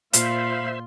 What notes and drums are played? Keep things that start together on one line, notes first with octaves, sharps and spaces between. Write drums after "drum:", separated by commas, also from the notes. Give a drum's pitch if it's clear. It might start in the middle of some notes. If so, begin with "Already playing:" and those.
A#2 F4 C5 E5 F5 B5 C6, drum: hi-hat